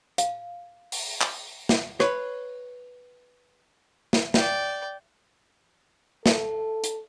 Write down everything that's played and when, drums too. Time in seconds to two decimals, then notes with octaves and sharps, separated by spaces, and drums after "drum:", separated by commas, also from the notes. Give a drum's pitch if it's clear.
0.18 F5, drum: hi-hat
0.92 drum: open hi-hat
1.21 drum: clap
1.69 drum: snare
2.00 B4 C#5, drum: rim click
4.13 drum: snare
4.34 D5 G5, drum: snare
6.26 A4, drum: snare
6.84 drum: hi-hat